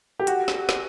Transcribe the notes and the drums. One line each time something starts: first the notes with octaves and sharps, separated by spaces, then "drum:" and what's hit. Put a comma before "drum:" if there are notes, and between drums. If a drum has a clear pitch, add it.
G4
F#4, drum: hi-hat
drum: snare
drum: snare